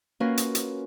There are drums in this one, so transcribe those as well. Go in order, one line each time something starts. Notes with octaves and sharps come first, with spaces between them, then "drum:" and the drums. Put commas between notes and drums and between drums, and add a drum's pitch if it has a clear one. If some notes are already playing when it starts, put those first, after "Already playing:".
A#3 C#4 F4 F#4 A#4 B4
drum: hi-hat
drum: hi-hat